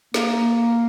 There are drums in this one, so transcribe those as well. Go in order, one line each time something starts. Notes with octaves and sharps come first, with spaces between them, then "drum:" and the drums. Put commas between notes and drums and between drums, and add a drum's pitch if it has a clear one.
A#3, drum: snare